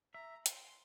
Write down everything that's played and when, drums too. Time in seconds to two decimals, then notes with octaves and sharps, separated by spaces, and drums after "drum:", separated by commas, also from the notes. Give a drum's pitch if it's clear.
0.14 E5 A#5
0.46 C6, drum: hi-hat